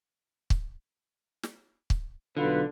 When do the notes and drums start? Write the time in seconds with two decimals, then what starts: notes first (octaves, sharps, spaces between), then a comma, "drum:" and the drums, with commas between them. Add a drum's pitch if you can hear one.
0.50 drum: kick
1.43 drum: snare
1.90 drum: kick
2.37 B1 D3 F4 B4